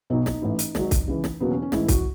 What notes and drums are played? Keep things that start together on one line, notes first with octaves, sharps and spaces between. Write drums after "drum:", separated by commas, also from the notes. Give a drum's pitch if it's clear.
B1 B2 F#3 D#4
drum: snare
A1 A2 E3
drum: hi-hat
G#1 G#2 F#3, drum: snare
drum: kick C2, hi-hat
C#2 C#3 E3
drum: snare
E1 D#2 C#3 F#3 B3
C#4
C#4
A1 G#2 E3 E4, drum: snare
F#4, drum: kick C2, hi-hat